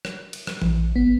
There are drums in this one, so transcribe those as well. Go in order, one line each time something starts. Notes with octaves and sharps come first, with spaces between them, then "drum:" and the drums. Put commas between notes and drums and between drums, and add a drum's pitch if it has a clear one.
drum: rim click
drum: cymbal
drum: rim click
A#1, drum: tom E3
G1 B3